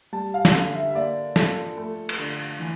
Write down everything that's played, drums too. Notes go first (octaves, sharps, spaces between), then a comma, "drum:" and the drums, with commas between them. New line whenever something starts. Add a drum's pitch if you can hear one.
G3 A5
F5
drum: snare
D3 F5
E5
E5
A#3 D5
F3 A4, drum: snare
A3
drum: cymbal
D3
E3